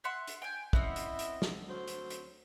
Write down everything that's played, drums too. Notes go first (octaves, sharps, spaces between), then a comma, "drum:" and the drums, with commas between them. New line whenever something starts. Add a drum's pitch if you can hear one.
E5 F#5 C6
drum: hi-hat
G5 G#5
C4 C#4 E4 D#5 E5 F#5, drum: kick
drum: hi-hat
drum: hi-hat
drum: snare
D2 F#3 C5
drum: hi-hat
drum: hi-hat